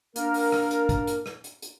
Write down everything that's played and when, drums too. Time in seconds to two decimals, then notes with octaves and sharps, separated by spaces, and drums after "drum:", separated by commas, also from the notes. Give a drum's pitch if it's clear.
0.16 A#3 D4 A#4, drum: hi-hat
0.34 drum: open hi-hat
0.52 drum: rim click
0.71 drum: hi-hat
0.89 drum: kick, hi-hat
1.07 drum: hi-hat
1.26 drum: rim click
1.44 drum: hi-hat
1.62 drum: hi-hat